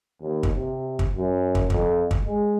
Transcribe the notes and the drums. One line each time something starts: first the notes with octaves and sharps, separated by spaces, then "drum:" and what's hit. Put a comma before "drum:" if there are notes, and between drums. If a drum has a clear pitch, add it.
D#2
drum: kick
C3
drum: kick
F#2
drum: kick
F2, drum: kick
drum: kick
G#3